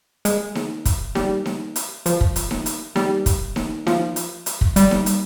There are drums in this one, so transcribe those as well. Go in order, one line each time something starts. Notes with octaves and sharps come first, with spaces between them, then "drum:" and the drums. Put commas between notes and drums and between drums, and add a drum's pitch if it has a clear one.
G#3, drum: hi-hat
drum: snare D#4
drum: kick, hi-hat
G3, drum: snare D#4
drum: snare D#4
drum: hi-hat
F3, drum: hi-hat
drum: kick
drum: hi-hat
drum: snare D#4
drum: hi-hat
G3, drum: snare D#4
drum: kick, hi-hat
drum: snare D#4
F3, drum: snare D#4
drum: hi-hat
drum: hi-hat
drum: kick
G3, drum: hi-hat
drum: snare D#4
drum: hi-hat